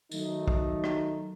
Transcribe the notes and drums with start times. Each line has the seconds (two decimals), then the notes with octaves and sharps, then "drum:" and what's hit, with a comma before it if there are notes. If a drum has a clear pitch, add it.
0.11 D#3 F#3 A3 D#4, drum: tambourine
0.48 drum: kick
0.84 drum: rim click